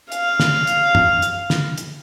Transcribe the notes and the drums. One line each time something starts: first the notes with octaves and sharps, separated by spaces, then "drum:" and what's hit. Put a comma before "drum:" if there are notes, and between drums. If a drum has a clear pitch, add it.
F5, drum: hi-hat
drum: snare
drum: hi-hat
drum: tom
drum: hi-hat
drum: snare
drum: hi-hat